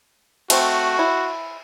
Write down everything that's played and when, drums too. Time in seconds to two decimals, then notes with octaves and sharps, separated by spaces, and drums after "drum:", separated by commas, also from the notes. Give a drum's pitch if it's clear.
0.50 A3 C4 F#4, drum: cymbal
0.99 E4